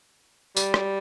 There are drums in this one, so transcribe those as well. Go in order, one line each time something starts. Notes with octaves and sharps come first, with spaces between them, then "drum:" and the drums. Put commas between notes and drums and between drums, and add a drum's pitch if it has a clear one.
G3, drum: tambourine
drum: rim click